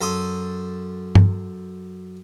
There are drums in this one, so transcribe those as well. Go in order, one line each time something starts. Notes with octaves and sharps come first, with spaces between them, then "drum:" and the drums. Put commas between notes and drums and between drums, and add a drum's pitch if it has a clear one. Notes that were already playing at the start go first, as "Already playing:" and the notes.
F#2 A4 C6 D#6
drum: tom